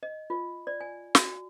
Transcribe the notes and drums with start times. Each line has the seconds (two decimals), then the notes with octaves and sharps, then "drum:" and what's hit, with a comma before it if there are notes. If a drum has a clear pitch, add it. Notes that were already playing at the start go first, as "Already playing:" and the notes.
0.03 D#5
0.30 F4
0.67 D5
0.81 G#5
1.15 F#4, drum: snare